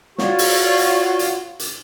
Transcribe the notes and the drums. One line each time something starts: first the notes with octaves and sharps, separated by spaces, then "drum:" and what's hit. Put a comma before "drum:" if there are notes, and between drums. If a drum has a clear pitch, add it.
F4 F#4 C#5 D5 C#6, drum: snare
drum: open hi-hat
drum: hi-hat
drum: hi-hat
drum: hi-hat